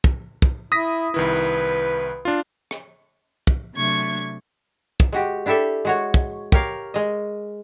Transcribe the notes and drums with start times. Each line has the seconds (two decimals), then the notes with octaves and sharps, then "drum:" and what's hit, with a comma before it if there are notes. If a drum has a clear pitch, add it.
0.04 drum: kick
0.42 drum: kick
0.72 E4 D#6 A#6 B6
1.14 C2 D#3 E4 B4
2.25 D4 F4
2.71 drum: rim click
3.47 drum: kick
3.73 C3 F#3 A3 D4 C#6 G#6
5.00 drum: kick
5.13 G#3 F#4 G4
5.46 D4 E4 G4 A4 E5
5.85 G#3 F#4 C#5
6.14 drum: kick
6.52 G4 A#4 C#5 F5, drum: kick
6.94 G#3 D#5